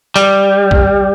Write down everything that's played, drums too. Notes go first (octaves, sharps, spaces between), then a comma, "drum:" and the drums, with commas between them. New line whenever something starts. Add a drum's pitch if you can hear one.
G3, drum: hi-hat
drum: kick